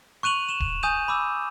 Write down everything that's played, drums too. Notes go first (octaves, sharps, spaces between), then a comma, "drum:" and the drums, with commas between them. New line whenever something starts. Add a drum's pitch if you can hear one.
C#6 F#6 D#7 F7 F#7
E7 F7 G7
drum: kick D1
G#5 D#6 G6 D#7 F7
B5 D6 E6